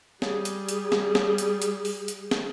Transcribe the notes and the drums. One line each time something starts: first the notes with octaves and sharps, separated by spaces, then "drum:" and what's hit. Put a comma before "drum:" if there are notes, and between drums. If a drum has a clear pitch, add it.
G3 G#4, drum: snare
drum: hi-hat
drum: hi-hat
drum: snare
drum: snare
drum: hi-hat
drum: hi-hat
drum: open hi-hat
drum: hi-hat
drum: snare